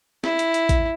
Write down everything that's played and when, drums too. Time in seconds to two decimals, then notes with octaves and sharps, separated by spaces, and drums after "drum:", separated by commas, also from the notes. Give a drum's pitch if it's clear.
0.24 E4, drum: snare
0.39 drum: hi-hat
0.54 drum: hi-hat
0.69 drum: kick A1, hi-hat